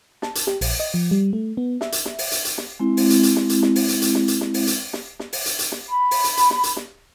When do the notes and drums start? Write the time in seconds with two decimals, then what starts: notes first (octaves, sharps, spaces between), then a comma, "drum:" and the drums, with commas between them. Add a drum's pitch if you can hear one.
0.22 A5, drum: snare
0.35 drum: hi-hat
0.47 G4, drum: snare
0.61 A#1, drum: open hi-hat
0.80 D#5
0.94 F3
1.11 G3
1.33 A3
1.57 B3
1.81 E5, drum: snare
1.92 drum: hi-hat
2.05 drum: snare
2.19 drum: open hi-hat
2.32 drum: hi-hat
2.45 drum: hi-hat
2.58 drum: snare
2.80 G#3 C4 E4
2.97 drum: open hi-hat
3.10 drum: hi-hat
3.23 drum: hi-hat
3.36 drum: snare
3.49 drum: hi-hat
3.62 drum: snare
3.76 drum: open hi-hat
3.89 drum: hi-hat
4.02 drum: hi-hat
4.15 drum: snare
4.28 drum: hi-hat
4.41 drum: snare
4.54 drum: open hi-hat
4.67 drum: hi-hat
4.93 drum: snare
5.19 drum: snare
5.33 drum: open hi-hat
5.46 drum: hi-hat
5.59 drum: hi-hat
5.72 drum: snare
5.89 B5
6.11 drum: open hi-hat
6.24 drum: hi-hat
6.37 drum: hi-hat
6.50 drum: snare
6.63 drum: hi-hat
6.77 drum: snare